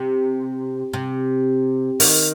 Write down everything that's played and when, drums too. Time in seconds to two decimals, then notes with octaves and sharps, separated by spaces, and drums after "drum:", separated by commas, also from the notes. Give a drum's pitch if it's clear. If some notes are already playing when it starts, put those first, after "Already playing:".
Already playing: C3
0.93 C3
2.00 D#3, drum: open hi-hat